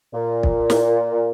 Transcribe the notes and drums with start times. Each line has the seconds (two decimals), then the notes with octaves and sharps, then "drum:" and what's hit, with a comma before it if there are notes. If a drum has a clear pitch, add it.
0.13 A#2
0.43 drum: kick
0.70 drum: snare